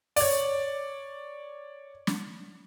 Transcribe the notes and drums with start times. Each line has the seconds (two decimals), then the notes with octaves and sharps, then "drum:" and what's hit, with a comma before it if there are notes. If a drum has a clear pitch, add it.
0.16 C#5 D5, drum: open hi-hat
2.07 drum: snare